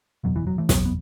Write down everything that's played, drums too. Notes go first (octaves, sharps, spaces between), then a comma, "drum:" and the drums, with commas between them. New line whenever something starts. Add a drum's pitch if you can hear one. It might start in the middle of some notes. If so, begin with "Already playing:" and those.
F#1 E2 B2 F#3
E3
F#3
E3 A3
F#1 E2 B2 F#3 B3, drum: snare
B3